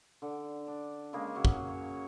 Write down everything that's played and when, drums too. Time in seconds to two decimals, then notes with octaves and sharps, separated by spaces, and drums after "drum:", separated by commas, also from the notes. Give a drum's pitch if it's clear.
0.22 D3
0.67 D4
1.13 C#3 G#3 A#3 G#4
1.35 C#3 F#3 C#4
1.45 drum: kick
1.68 C#5